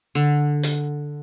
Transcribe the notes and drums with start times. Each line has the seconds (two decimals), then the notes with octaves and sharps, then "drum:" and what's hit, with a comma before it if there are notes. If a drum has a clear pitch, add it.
0.15 D3
0.63 drum: hi-hat